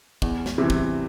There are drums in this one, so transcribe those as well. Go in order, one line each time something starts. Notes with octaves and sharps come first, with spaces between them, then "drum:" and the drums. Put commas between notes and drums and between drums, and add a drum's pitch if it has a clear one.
E2, drum: kick
drum: snare
C3 E3
drum: kick